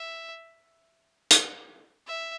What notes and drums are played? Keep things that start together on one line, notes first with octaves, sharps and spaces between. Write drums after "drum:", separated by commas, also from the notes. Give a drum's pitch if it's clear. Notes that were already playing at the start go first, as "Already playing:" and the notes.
Already playing: E5
drum: hi-hat
E5